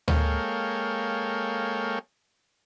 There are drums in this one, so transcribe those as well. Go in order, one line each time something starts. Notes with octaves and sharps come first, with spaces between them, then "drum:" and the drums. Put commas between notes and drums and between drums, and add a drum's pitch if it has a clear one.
G#3 A#3 A4 C#5 F5 G5, drum: tom D2